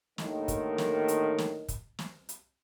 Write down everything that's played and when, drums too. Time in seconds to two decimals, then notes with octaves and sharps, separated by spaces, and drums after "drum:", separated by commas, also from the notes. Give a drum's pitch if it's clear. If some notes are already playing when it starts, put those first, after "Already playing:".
0.18 D#2 A2 D3 D#3, drum: snare
0.48 drum: kick, hi-hat
0.78 drum: snare
1.08 drum: hi-hat
1.38 drum: snare
1.68 drum: kick, hi-hat
1.99 drum: snare
2.29 drum: hi-hat